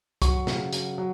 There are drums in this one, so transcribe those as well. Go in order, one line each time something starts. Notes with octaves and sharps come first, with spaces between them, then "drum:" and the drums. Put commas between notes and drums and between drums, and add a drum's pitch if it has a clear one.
F#3 C#6, drum: kick, hi-hat
C#3, drum: snare
F#3, drum: hi-hat
F#3